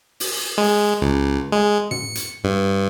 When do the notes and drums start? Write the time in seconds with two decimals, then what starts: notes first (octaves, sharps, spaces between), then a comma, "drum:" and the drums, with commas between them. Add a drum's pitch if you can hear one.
0.20 drum: open hi-hat
0.58 G#3
1.02 C#2
1.52 G#3
1.91 C#7, drum: tom
2.15 drum: hi-hat
2.44 G2